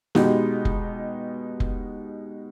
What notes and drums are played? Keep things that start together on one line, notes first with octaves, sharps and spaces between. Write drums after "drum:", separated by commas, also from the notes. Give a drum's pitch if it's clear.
B2 G#3 B3 D#4 G4, drum: snare
drum: kick F1
drum: kick F1